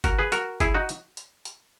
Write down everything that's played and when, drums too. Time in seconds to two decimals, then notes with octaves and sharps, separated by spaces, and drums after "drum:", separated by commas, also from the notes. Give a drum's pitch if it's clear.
0.04 F#4 A#4, drum: kick G1, hi-hat
0.19 G#4 B4
0.32 F#4 A#4, drum: hi-hat
0.60 E4 G#4, drum: kick G1, hi-hat
0.74 D#4 F#4
0.89 drum: hi-hat
1.17 drum: hi-hat
1.45 drum: hi-hat